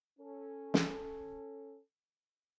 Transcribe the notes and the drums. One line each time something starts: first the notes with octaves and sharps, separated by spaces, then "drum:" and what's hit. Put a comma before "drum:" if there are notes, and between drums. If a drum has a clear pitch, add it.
C#4 A4
drum: snare